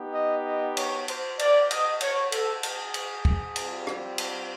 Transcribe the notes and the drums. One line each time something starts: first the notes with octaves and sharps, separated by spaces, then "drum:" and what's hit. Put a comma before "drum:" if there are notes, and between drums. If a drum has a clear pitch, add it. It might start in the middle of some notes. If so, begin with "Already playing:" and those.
Already playing: B3 D#4 G4
D#5
D#5
C#5, drum: cymbal
C5, drum: cymbal
D5, drum: cymbal
D#5, drum: cymbal
C#5, drum: cymbal
A4, drum: cymbal
G#4, drum: cymbal
drum: cymbal
drum: kick
G3 C4 F4, drum: cymbal
drum: rim click
drum: cymbal